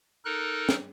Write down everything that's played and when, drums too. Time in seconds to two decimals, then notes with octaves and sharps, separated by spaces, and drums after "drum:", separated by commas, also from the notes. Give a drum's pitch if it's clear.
0.25 D#4 A4 A#4 F#6
0.69 drum: snare